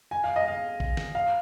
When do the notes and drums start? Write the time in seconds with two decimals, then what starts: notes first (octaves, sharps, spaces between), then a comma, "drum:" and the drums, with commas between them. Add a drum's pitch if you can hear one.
0.11 G#5
0.24 F5
0.36 D#5
0.48 F5
0.80 drum: kick
0.97 drum: snare
1.15 F5